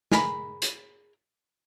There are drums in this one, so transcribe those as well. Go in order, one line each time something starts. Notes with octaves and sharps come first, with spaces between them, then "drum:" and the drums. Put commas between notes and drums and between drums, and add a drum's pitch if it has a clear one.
G#4 A#4 A#5 B5, drum: snare
drum: hi-hat